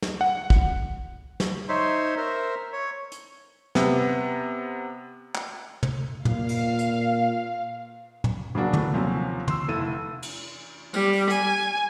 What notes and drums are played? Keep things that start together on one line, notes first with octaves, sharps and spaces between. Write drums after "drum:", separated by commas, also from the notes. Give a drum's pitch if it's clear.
drum: snare
F#5
drum: kick
drum: snare
D#4 C5 C#5 E5 C6
A#4 C5 E5
C#5
drum: hi-hat
C3 B3, drum: snare
drum: clap
drum: tom
A#2 F5, drum: tom
drum: cymbal
drum: hi-hat
drum: tom
C#3 F#3 A#3 D4 F#4
A2 A3 B3, drum: tom
D#2 C3 F3 F#3 C#4
C6 E6, drum: tom
F1 E4 A4 E6 D#7
drum: cymbal
G3, drum: tambourine
drum: open hi-hat
G#5, drum: hi-hat